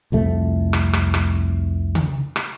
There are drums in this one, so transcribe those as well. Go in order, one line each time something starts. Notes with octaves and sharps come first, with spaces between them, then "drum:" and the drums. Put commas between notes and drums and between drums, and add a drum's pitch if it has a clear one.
C2 F2 A3
drum: rim click
drum: rim click
drum: rim click
drum: tom C#3
drum: rim click